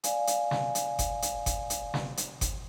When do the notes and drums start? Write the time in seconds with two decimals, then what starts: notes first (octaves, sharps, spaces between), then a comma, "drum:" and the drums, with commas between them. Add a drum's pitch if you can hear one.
0.04 D5 F5 G#5, drum: hi-hat
0.27 drum: hi-hat
0.51 drum: snare
0.75 drum: hi-hat
0.99 drum: kick F#1, hi-hat
1.22 drum: hi-hat
1.46 drum: kick F#1, hi-hat
1.70 drum: hi-hat
1.94 drum: snare
2.17 drum: hi-hat
2.41 drum: kick F#1, hi-hat